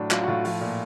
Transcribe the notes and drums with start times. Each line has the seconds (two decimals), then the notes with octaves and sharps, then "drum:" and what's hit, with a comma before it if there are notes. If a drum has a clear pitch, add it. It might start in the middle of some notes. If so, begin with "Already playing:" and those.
Already playing: A2 F#3 D4
0.11 F#3 F4, drum: clap
0.23 F#4
0.27 A2 F4
0.45 F3 F4, drum: open hi-hat
0.61 A#2